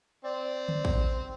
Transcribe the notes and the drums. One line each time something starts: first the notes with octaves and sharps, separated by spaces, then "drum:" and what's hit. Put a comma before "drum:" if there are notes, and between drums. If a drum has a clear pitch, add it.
C4 D5
drum: tom D3
drum: kick A1